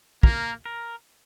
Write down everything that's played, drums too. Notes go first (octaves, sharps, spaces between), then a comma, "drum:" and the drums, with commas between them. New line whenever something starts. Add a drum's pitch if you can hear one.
A#3 A#4, drum: kick
A#4